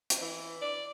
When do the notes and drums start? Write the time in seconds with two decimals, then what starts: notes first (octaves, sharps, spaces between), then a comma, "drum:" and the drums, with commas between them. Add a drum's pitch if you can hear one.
0.10 drum: hi-hat
0.22 E3
0.62 D5